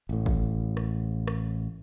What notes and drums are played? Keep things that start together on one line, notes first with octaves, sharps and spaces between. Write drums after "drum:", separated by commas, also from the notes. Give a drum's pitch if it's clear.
A1 A2
drum: kick
drum: rim click
drum: rim click